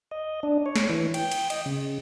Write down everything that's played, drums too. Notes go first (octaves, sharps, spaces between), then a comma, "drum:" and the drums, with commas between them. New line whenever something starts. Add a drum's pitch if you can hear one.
D#5
D4
C#5
drum: snare
E3
G5, drum: cymbal
drum: cymbal
D#5, drum: cymbal
C#3